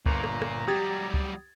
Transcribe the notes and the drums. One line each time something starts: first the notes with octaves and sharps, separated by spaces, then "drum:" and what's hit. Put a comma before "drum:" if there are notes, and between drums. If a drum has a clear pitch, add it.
G1 A#2 A#5, drum: kick C#2
drum: rim click
drum: rim click
F#3 G3 G4 D#6 G#6 A6
drum: kick C#2